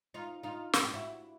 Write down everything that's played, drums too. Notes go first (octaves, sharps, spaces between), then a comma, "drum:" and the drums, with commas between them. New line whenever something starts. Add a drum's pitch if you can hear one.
D#4 F4
D#4 F4
F#4, drum: snare
G4
E4 F#4